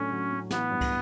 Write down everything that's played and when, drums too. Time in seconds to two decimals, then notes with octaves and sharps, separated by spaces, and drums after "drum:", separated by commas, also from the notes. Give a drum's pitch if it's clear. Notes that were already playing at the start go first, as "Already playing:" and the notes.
Already playing: A2 F#3 A3 C#4 D4
0.11 F#3
0.32 A2
0.51 E3 B3, drum: snare
0.71 G2
0.81 drum: kick, cymbal